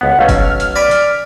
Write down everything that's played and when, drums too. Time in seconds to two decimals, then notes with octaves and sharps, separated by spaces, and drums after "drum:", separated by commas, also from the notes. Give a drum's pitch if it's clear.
0.01 C#2 B3 F#5
0.19 B1 A3 C#4 F5
0.29 drum: kick F#1, hi-hat
0.44 F6
0.60 drum: hi-hat
0.76 D5 G#5 B5
0.91 drum: hi-hat